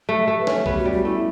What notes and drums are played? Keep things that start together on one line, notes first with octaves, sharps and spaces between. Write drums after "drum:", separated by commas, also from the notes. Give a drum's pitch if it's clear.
A3
A3 G4
B4
C#4, drum: snare
A4
B3 G4, drum: kick A#1
F#4
G3
F#4
A3 E4